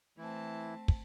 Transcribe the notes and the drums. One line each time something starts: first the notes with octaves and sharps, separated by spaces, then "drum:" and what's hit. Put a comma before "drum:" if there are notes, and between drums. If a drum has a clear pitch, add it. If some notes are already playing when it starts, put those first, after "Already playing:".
E3 A3 C4 E4 A5
drum: kick